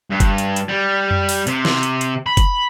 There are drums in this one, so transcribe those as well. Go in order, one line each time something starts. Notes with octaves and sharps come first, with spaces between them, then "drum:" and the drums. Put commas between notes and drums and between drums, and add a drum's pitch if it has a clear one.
G2
drum: kick F#1, hi-hat
drum: hi-hat
drum: hi-hat
G3
drum: tom F2
drum: open hi-hat
C3, drum: hi-hat
drum: snare
drum: hi-hat
drum: hi-hat
B5
drum: kick F#1, hi-hat